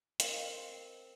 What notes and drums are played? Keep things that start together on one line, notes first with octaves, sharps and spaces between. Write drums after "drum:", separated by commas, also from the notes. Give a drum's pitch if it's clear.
C4 A#4 C5 D#5 F5, drum: hi-hat